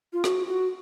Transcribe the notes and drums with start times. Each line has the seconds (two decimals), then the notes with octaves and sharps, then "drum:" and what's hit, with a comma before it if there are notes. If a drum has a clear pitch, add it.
0.13 F4
0.24 F#4, drum: rim click
0.47 F#4